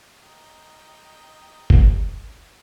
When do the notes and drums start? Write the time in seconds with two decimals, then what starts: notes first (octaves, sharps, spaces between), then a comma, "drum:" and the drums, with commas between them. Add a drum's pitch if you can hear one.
0.22 D#5 G5 A#5
1.70 drum: kick F1